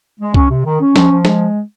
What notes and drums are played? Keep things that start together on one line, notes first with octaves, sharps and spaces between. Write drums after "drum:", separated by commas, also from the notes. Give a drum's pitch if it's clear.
G#3
C#4, drum: kick C2
C3
D#3
C#4
F3, drum: snare
F3
G#3, drum: snare